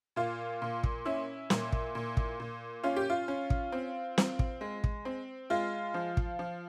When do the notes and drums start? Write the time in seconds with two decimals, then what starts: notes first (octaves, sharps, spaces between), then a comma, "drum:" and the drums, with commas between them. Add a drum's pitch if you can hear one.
0.16 A#2 F4
0.62 A#2
0.84 drum: kick
1.05 C#4 E4
1.50 A#2, drum: snare
1.72 drum: kick
1.95 A#2
2.17 drum: kick
2.40 A#2
2.84 C#4 F4
2.96 G4
3.10 F4
3.28 C#4
3.50 drum: kick
3.72 C4
4.18 C4, drum: snare
4.39 drum: kick
4.61 G#3
4.84 drum: kick
5.05 C4
5.50 G#3 F4
5.94 F3
6.17 drum: kick
6.39 F3